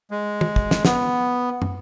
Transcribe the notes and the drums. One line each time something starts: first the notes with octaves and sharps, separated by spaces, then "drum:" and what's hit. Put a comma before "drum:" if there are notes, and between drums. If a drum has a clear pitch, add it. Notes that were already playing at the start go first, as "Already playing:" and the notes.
G#3
drum: tom
drum: kick
drum: snare
B3, drum: snare
drum: tom